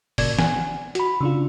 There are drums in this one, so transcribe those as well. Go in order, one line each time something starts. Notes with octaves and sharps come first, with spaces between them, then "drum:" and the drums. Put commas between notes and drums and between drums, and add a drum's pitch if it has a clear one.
G1 A#2 C#3 D5 G#6, drum: open hi-hat
G#5, drum: snare
F#4 B5, drum: hi-hat
C#3 D4 F4